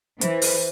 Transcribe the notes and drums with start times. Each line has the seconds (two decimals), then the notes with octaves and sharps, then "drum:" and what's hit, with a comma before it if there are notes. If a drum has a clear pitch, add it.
0.21 E3 C5, drum: hi-hat
0.42 drum: open hi-hat